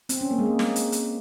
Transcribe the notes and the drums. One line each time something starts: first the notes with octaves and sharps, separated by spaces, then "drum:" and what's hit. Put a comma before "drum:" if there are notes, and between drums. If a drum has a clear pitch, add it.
C4, drum: hi-hat
C#4
A#3
G#3
A#3
drum: snare
drum: hi-hat
drum: hi-hat